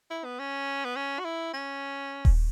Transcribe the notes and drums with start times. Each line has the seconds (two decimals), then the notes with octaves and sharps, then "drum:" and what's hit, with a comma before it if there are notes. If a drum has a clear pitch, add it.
0.10 E4
0.24 B3
0.39 C#4
0.84 B3
0.96 C#4
1.19 F#4
1.25 E4
1.53 C#4
2.25 drum: kick D#1